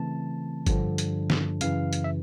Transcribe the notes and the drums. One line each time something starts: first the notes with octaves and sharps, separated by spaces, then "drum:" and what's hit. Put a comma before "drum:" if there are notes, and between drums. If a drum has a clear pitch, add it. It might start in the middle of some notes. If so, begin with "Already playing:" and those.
Already playing: C#3 E3 A3 C4 A5
G2 D3 F3, drum: kick G1, hi-hat
drum: hi-hat
drum: snare
F#2 C#3 E3 F5, drum: hi-hat
drum: hi-hat
E5